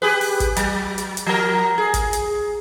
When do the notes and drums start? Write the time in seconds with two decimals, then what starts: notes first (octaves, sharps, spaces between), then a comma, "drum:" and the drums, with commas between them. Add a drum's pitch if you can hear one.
0.02 G4 G#4 B4
0.21 drum: open hi-hat
0.40 drum: kick, hi-hat
0.57 F#3, drum: hi-hat
0.98 drum: hi-hat
1.17 drum: hi-hat
1.26 F3 A#4
1.78 G#4
1.94 drum: kick, hi-hat
2.13 drum: hi-hat